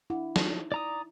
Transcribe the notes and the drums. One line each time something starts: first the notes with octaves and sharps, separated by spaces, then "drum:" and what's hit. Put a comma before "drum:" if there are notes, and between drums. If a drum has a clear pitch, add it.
D4 E4 F#5
D#4, drum: snare
D5 A#5 D#6